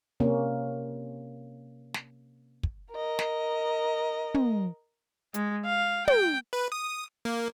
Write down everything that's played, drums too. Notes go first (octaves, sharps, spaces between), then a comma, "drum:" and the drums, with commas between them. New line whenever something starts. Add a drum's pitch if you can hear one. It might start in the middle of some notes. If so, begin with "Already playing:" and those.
C3 A#3 C#4
drum: snare
drum: kick
A#4 D#5
drum: snare
drum: tom
G#3, drum: hi-hat
F5
G5, drum: tom
B4
D#6
A#3